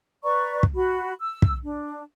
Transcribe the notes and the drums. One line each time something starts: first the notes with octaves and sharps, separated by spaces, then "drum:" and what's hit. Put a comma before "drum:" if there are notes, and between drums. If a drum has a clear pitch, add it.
B4 D5 A#5 C#6
drum: kick
F#4 B5
E6
drum: kick
D4